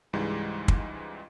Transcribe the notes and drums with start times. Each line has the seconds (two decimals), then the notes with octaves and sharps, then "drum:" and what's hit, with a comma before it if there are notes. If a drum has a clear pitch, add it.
0.13 C#2 G#2 E3 G3 G#3
0.68 drum: kick